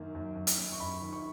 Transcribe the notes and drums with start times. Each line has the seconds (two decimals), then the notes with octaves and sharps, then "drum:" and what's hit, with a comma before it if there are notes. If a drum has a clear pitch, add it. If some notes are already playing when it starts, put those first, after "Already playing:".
Already playing: F#2 D#3 A#3
0.15 F#2
0.35 F#2
0.47 drum: hi-hat
0.58 C#4
0.72 C#6
0.80 F#2 B5
1.02 D#3
1.13 C#6